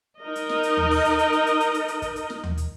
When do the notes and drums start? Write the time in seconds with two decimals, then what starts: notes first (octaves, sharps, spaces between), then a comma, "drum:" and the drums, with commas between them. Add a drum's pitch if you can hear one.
0.22 D#4 A#4 D#5
0.35 drum: hi-hat
0.49 drum: snare
0.63 drum: hi-hat
0.77 drum: tom D#2
0.91 drum: open hi-hat
1.05 drum: hi-hat
1.19 drum: hi-hat
1.33 drum: hi-hat
1.46 drum: hi-hat
1.60 drum: hi-hat
1.74 drum: hi-hat
1.88 drum: hi-hat
2.02 drum: kick, hi-hat
2.16 drum: hi-hat
2.30 drum: snare
2.44 drum: tom D#2
2.57 drum: hi-hat